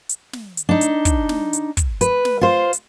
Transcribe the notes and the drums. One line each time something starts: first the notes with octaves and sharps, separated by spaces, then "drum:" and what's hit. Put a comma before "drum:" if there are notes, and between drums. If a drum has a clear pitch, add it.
drum: hi-hat
drum: snare
drum: hi-hat
D4 D#4
drum: hi-hat
drum: kick, hi-hat
drum: snare
drum: hi-hat
drum: kick, hi-hat
B4, drum: hi-hat
drum: snare
F4 C5
drum: hi-hat